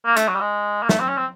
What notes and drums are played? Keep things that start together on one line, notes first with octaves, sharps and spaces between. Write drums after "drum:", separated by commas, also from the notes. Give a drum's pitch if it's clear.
A#3
A3, drum: hi-hat
F#3
G3
G#3
A#3
A3, drum: snare
C4
C#4
C4